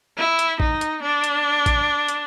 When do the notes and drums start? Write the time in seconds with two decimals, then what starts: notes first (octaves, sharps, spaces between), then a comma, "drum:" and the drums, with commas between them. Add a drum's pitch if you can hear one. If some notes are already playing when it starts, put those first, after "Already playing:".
0.17 E4
0.39 drum: hi-hat
0.60 D#4, drum: kick
0.81 drum: hi-hat
1.02 D4
1.24 drum: hi-hat
1.66 drum: kick, hi-hat
2.08 drum: hi-hat